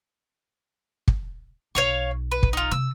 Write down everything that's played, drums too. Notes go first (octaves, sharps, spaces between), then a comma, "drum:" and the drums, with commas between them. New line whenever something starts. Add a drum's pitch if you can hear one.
drum: kick
B1 C#5 F5 C#6
B4
drum: kick
D#4 F4
C3 E6